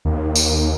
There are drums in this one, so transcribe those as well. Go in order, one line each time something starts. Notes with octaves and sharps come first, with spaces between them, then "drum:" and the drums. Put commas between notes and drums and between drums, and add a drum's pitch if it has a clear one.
D#2
drum: tambourine